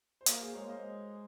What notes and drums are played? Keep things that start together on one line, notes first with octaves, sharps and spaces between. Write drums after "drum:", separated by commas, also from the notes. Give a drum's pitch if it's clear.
C5
A#3 F#4 A#4, drum: hi-hat
G#4 C5
G#3 A#4 C#5
A#3 C5 D#5
G#3